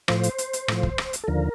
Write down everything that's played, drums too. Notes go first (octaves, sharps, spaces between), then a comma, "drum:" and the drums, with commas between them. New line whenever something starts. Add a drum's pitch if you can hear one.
A2 F3 C5, drum: rim click
drum: hi-hat
drum: hi-hat
drum: hi-hat
A2 F3, drum: rim click
drum: kick
drum: rim click
drum: hi-hat
A4
D#2 D3 F3 A#4